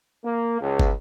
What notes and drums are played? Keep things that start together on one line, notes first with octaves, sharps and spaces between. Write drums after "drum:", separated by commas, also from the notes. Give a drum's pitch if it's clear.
A#3
C#2
drum: kick